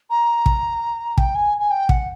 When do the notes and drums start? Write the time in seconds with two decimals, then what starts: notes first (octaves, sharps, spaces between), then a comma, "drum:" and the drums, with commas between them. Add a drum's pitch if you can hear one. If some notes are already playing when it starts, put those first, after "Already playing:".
0.10 A#5
0.46 drum: kick
1.18 G5, drum: kick
1.35 G#5
1.60 G#5
1.71 G5
1.89 F#5, drum: kick